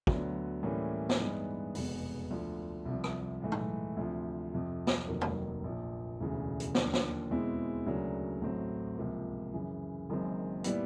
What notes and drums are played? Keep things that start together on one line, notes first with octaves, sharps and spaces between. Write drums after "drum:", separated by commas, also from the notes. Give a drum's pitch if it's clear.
D2 D3 F#3 B3, drum: kick
A2 E3 G3 A#3 C#4
drum: snare
G2 E3 G#3 B3 D#4
F1 E2 B2 G#3 B3, drum: open hi-hat
D2 D3 F3
C2 C3 F3
drum: rim click
G#2 E3 A3
drum: tom
D2 C3 F3
F2 C3 F3
drum: snare
F1 D#2 D#3 F#3
drum: tom
A#1 A#2 F3
E1 D2 C#3 E3
drum: hi-hat
D#2 D3 F3, drum: snare
drum: snare
E2 B2 G#3 C4 E4
D2 C#3 F#3 A#3 D4
A1 A2 F#3 A3 C4
C#2 C3 F3 A#3
F#2 C#3 E3
F#1 F#2 D#3 G#3 C4
A#2 G3 B3 E4, drum: hi-hat